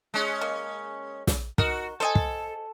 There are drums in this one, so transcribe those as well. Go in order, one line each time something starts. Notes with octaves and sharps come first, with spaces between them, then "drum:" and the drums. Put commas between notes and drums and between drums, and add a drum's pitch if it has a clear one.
G#3 C#4
A#3
drum: snare
D#4 F#4 A#4, drum: kick
A4 C5 D#5 G#5
drum: kick